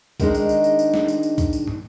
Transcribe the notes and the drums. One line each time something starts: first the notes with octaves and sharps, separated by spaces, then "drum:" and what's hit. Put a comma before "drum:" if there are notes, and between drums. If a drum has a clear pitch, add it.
D#3 G#3 D4 D#4, drum: kick B1, tambourine
drum: tambourine
drum: tambourine
drum: tambourine
drum: tambourine
drum: snare
drum: tambourine
drum: tambourine
drum: kick B1, tambourine
drum: tambourine
drum: tom